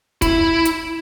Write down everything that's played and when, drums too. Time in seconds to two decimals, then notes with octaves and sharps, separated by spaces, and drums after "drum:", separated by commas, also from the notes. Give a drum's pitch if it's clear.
0.22 E4, drum: kick, hi-hat
0.65 drum: hi-hat